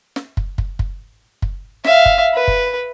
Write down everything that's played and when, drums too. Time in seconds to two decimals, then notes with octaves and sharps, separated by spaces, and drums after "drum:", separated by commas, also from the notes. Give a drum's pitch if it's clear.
0.16 drum: snare
0.37 drum: kick
0.58 drum: kick
0.79 drum: kick
1.42 drum: kick
1.84 E5 F5, drum: snare
2.06 drum: kick
2.33 B4
2.48 drum: kick